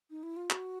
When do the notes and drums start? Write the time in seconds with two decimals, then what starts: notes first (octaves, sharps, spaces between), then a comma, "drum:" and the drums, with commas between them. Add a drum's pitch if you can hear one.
0.10 D#4
0.23 E4
0.36 F4
0.50 F#4, drum: clap